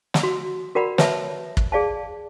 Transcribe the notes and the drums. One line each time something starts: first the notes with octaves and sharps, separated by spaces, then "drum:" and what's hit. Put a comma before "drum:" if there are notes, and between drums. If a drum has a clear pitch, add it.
drum: snare
F#4
F#4 A#4 D5 F#5 A#5 B5
B4 C#5 E5 A5, drum: snare
drum: kick
G#4 D5 F5 A5